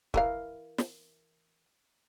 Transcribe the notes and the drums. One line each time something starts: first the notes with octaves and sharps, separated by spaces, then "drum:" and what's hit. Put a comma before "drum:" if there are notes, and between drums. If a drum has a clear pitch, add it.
E3 A#4 F5, drum: kick
drum: snare